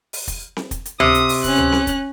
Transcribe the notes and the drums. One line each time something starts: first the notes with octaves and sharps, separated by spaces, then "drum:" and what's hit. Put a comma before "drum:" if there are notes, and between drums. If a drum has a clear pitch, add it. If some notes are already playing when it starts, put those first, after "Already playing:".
drum: open hi-hat
drum: kick, hi-hat
drum: snare C4
drum: kick, hi-hat
drum: hi-hat
C3 D#6, drum: tom C#2
drum: hi-hat
drum: open hi-hat
C#4 F#6, drum: kick, hi-hat
drum: tom C#2
drum: snare C4
drum: kick, hi-hat